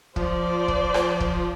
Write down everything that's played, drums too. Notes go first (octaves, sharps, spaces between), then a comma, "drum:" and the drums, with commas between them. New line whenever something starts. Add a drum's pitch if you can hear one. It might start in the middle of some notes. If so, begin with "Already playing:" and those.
F3 C5 D5, drum: kick
drum: kick
drum: rim click
drum: kick